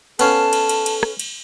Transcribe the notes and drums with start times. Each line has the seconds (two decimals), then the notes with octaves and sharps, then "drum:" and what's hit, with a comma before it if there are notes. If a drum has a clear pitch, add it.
0.19 B3 C#4 A4 F5 A5, drum: cymbal
0.53 drum: cymbal
0.69 drum: cymbal
0.86 drum: cymbal
1.03 drum: rim click
1.19 drum: cymbal